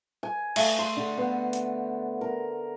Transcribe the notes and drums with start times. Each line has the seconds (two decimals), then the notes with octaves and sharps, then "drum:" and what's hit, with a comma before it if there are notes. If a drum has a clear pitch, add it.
0.23 G#5
0.56 A3, drum: cymbal
0.79 C6
0.97 D3
1.18 B3
1.53 drum: hi-hat
2.21 A#4